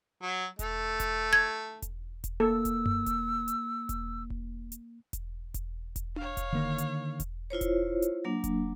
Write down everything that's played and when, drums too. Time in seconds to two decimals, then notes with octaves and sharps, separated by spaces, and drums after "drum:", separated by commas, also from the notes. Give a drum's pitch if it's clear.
0.22 F#3
0.59 A3, drum: kick E1, hi-hat
1.00 drum: kick E1, hi-hat
1.33 G#6
1.82 drum: kick E1, hi-hat
2.24 drum: kick E1, hi-hat
2.40 A#3 A4 E6
2.65 drum: kick E1, hi-hat
2.86 drum: tom F#2
3.06 drum: kick E1, hi-hat
3.48 drum: hi-hat
3.89 drum: kick E1, hi-hat
4.30 drum: kick E1
4.72 drum: hi-hat
5.13 drum: kick E1, hi-hat
5.54 drum: kick E1, hi-hat
5.96 drum: kick E1, hi-hat
6.16 C#5 F5, drum: tom D4
6.37 drum: kick E1, hi-hat
6.53 D3 D#3 A#3
6.78 drum: hi-hat
7.20 drum: kick E1, hi-hat
7.50 E4 F4 C5 C#5
7.61 drum: kick E1, hi-hat
8.02 drum: hi-hat
8.25 F#3 A#3 D4
8.44 drum: kick E1, hi-hat